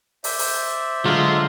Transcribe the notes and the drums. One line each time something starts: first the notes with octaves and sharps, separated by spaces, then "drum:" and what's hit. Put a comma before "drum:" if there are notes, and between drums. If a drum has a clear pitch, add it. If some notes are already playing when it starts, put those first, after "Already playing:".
C5 D5 E5, drum: open hi-hat
drum: open hi-hat
D3 F#3 G#3 F4